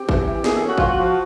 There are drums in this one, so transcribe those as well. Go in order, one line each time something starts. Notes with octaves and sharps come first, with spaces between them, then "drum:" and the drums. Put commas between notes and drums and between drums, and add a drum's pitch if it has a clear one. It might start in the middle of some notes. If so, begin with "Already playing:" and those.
Already playing: C4 G4
E3, drum: kick
E3
A#3 G#4, drum: snare
A4
C#4
F#4
F3 F4, drum: kick
F#4
F3